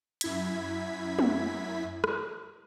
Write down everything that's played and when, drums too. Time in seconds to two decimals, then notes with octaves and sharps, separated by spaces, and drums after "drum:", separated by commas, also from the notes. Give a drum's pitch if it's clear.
0.21 F#2 E4 G#6 B6, drum: hi-hat
1.19 drum: tom
2.04 drum: rim click